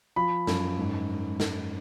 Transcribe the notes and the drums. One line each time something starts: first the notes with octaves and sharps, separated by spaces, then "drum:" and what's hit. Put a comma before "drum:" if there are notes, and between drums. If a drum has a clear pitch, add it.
F3 B5
F#2, drum: snare
G#2
drum: snare